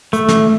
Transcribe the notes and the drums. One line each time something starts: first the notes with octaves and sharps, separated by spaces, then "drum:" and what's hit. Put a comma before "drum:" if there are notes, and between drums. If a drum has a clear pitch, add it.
A3, drum: hi-hat
drum: snare